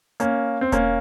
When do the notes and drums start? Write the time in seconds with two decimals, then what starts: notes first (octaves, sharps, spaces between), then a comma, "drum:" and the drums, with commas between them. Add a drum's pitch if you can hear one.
0.20 A#3 C#4, drum: hi-hat
0.61 C4
0.72 A#3 C#4, drum: kick E1, hi-hat